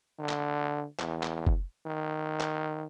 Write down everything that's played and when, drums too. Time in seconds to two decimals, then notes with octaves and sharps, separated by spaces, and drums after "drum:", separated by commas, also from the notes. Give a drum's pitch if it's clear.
0.19 D3
0.29 drum: clap
1.00 E2, drum: clap
1.23 drum: clap
1.47 drum: kick
1.86 D#3
2.41 drum: clap